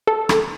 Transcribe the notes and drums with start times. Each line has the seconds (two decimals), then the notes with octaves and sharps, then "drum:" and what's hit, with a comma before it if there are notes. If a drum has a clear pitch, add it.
0.07 A4
0.29 drum: rim click